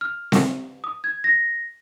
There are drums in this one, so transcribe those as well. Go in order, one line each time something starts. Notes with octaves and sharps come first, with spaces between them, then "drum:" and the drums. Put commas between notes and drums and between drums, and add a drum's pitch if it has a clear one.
F6
drum: snare C4
D#6
G#6
A#6